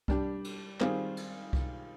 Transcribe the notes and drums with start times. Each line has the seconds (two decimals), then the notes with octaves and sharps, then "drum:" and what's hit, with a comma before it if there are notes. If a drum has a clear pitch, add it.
0.08 G3 D4 G4, drum: kick C2
0.44 drum: cymbal
0.81 D#3 G3 C4 F4 G#4, drum: clap
1.17 drum: cymbal
1.53 drum: kick C2